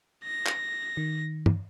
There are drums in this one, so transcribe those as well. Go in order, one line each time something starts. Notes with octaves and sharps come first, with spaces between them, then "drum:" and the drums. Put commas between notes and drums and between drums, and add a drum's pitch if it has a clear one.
A#6
drum: clap
D#3
drum: tom